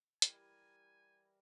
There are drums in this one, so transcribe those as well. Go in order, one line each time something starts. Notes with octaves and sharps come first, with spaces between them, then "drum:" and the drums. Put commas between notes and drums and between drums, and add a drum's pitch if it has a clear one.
E3 G3 A#4 G#5, drum: hi-hat